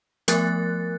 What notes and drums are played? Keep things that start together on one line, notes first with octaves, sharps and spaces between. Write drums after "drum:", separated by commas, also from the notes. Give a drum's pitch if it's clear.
F3 A3 B3 A#4 F#6 A6, drum: hi-hat